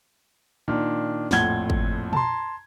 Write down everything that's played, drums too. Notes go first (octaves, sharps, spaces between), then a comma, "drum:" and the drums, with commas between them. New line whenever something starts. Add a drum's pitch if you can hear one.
A#2 D#3 D4
A#1 F2 A2 F#5 G#6 G7, drum: snare
drum: kick
A5 A#5 C6, drum: tom